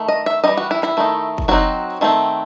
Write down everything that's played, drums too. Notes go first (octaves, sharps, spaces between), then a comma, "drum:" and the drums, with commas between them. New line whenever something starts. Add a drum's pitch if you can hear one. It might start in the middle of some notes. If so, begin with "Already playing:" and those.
Already playing: D#3 A3
D#5
E5
E3 G3 D#4 D#5
F#4
E4
E4, drum: clap
D#3 A3 D#4
drum: kick
F#3 C4 D#4 F#4
D#3 A3 C4